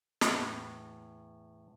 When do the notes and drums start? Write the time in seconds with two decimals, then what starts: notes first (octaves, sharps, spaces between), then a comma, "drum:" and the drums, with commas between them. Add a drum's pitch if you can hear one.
0.21 E2 A2, drum: snare